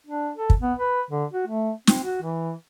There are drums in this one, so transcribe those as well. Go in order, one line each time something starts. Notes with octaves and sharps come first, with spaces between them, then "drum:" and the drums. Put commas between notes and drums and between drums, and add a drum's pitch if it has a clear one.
D4
A4
drum: kick
B3
B4
D3
F#4
A3
C4, drum: snare
F#4
E3